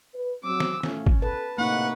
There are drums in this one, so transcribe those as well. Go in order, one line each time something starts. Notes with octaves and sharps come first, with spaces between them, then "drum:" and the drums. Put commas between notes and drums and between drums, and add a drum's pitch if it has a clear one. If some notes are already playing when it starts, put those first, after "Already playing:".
B4
F#3 C4 D6 E6
drum: snare
A2 A3 C#4 F4, drum: snare
drum: kick G#1
A4 B4 A5
A2 C3 A3 A#3 D#4 B4 F#5 C#6